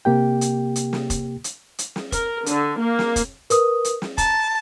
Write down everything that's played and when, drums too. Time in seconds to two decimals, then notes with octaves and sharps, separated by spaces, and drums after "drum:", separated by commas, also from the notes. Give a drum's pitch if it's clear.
0.05 C3 A#3 G4 G5
0.41 drum: hi-hat
0.76 drum: hi-hat
0.93 drum: snare
1.10 drum: kick F1, hi-hat
1.44 drum: hi-hat
1.79 drum: hi-hat
1.96 drum: snare
2.12 A#4, drum: kick F1, hi-hat
2.46 D3, drum: hi-hat
2.78 A#3
2.99 drum: snare
3.16 drum: kick F1, hi-hat
3.50 A#4 B4 D#6, drum: hi-hat
3.85 drum: hi-hat
4.02 drum: snare
4.18 A5 A#5, drum: kick F1, hi-hat